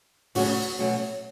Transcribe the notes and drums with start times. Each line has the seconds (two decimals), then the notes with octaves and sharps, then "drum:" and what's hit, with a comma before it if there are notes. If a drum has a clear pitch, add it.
0.35 D2 C#3 F#3 A3 C#4 F#4, drum: open hi-hat
0.79 B2 F#3 A3 C#4